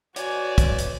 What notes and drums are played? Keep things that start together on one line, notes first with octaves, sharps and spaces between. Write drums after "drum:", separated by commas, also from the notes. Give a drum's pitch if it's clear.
F#4 B4 C#5 D5 G#5, drum: hi-hat
drum: kick, hi-hat
drum: hi-hat